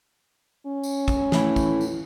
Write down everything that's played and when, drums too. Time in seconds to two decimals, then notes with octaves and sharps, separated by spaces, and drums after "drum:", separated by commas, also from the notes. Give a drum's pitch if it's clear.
0.67 C#4
0.83 drum: tambourine
1.08 drum: kick, tambourine
1.32 A2 E3, drum: snare
1.56 drum: kick, tambourine
1.81 drum: tambourine